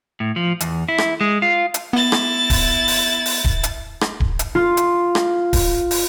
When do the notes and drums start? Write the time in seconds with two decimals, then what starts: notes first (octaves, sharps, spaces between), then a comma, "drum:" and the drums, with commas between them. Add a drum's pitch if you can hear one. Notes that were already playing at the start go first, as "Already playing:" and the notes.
0.20 A2
0.36 F3
0.60 E2, drum: hi-hat
0.89 E4
0.98 drum: rim click
1.21 G#3
1.42 F4
1.74 drum: hi-hat
1.93 B3 E4 A6
2.12 drum: rim click
2.50 drum: kick D1, open hi-hat
2.88 drum: open hi-hat
3.26 drum: open hi-hat
3.45 drum: kick D1
3.63 drum: hi-hat
4.01 drum: rim click
4.20 drum: kick D1
4.39 drum: hi-hat
4.55 F4
4.77 drum: hi-hat
5.15 drum: rim click
5.53 drum: kick D1, open hi-hat
5.91 drum: open hi-hat